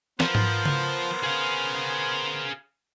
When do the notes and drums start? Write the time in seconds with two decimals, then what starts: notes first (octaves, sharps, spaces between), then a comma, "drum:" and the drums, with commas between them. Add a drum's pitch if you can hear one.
0.20 F3 B3 A#4 C5, drum: snare
0.35 drum: tom G#2
0.65 drum: tom C#3
1.23 G#4 F5